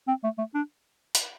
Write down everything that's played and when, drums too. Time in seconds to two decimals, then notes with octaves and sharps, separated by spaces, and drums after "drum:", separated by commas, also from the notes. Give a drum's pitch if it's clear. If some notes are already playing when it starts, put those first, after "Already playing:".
0.08 C4
0.24 A3
0.38 A3
0.55 D4
1.15 drum: hi-hat